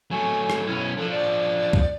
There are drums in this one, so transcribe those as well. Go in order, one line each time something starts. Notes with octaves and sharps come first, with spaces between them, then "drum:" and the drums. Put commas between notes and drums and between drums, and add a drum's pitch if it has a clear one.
F#3 A3 G#5
drum: rim click
B1 C#4 E4
F3 D4 A4
D5
drum: kick